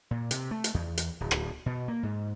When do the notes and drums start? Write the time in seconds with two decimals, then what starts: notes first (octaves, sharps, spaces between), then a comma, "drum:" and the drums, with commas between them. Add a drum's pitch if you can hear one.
0.11 A#2
0.31 C3, drum: hi-hat
0.51 A3
0.64 drum: hi-hat
0.74 E2
0.97 drum: hi-hat
1.20 D1
1.31 drum: rim click
1.66 B2
1.88 A#3
2.03 G#2